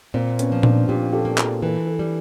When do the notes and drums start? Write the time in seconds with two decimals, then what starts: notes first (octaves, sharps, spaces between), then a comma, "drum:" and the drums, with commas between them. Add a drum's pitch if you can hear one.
0.14 A#2 A#3 C4
0.39 B3 C#4, drum: hi-hat
0.52 F3
0.63 C4 D4, drum: tom A#2
0.89 A#2 F4 G4
1.13 G4 A4
1.25 A#3
1.38 G#4 A#4, drum: clap
1.62 E3 A4 B4
1.87 A4 B4
1.99 G3